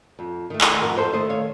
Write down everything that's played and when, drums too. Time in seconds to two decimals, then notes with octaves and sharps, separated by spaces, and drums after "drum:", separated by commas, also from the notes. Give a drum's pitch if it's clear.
0.19 F2
0.50 D#3 A3
0.61 drum: clap
0.82 F2 F#4 A#4
0.97 A4 C5
1.13 D#3 A3 C5 D#5
1.29 C#5 F5